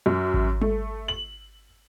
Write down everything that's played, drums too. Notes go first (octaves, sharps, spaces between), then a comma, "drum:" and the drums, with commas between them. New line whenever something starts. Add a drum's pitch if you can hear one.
F#2
drum: kick G#1
A3, drum: tom G3
F#7